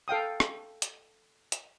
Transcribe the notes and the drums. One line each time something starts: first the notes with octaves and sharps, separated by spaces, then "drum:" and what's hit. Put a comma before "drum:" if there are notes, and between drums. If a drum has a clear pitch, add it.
A4 F5 G5 D#6
drum: rim click
drum: hi-hat
drum: hi-hat